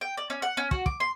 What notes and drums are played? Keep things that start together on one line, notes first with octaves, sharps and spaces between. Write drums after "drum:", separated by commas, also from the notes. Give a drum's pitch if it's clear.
G5
D5
C#4
F#5
C#4
F#4, drum: kick
D6, drum: kick
C6